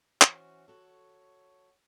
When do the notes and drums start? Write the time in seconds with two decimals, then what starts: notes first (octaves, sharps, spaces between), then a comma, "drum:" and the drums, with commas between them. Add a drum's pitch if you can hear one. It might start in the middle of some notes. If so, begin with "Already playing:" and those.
0.22 E3 C#4 F#4 C5, drum: clap
0.68 F#4 A4 C#5